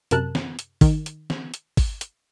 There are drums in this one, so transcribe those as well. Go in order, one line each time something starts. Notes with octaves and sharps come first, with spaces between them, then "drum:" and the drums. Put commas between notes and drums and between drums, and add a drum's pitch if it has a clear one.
F#2 C3 A#4 A5 F#6, drum: hi-hat
drum: snare
drum: hi-hat
D#3, drum: kick, open hi-hat
drum: hi-hat
drum: snare
drum: hi-hat
drum: kick, open hi-hat
drum: hi-hat